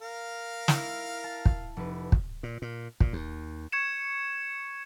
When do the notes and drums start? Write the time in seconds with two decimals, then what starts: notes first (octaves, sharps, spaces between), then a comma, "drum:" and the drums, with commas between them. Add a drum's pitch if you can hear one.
0.01 A#4 F5
0.68 E4, drum: snare
1.24 A5
1.45 drum: kick
1.77 F1 B4
2.12 drum: kick
2.43 A#2
2.62 A#2
3.00 A#2, drum: kick
3.13 D#2
3.72 C#6 G#6 C#7 E7